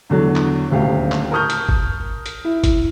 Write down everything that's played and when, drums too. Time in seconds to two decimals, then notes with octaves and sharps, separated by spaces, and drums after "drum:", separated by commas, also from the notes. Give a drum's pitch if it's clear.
0.09 E2 D3 F#3
0.36 drum: clap
0.70 D#1 D2 G4 F5
1.12 drum: clap
1.31 A#4 A5 C#6 D#6 F6 G6
1.50 drum: hi-hat
1.69 drum: kick G1
2.26 drum: hi-hat
2.45 E4
2.64 drum: kick G1, hi-hat